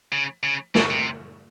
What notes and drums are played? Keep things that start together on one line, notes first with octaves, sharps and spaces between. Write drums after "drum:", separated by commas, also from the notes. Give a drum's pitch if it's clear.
C#3
C#3
C#3, drum: snare
C3